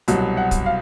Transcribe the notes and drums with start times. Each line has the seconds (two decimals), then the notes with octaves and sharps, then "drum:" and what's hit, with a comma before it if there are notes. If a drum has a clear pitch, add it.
0.08 C2 B2 F#3, drum: hi-hat
0.37 F#5
0.51 drum: kick, hi-hat
0.66 F5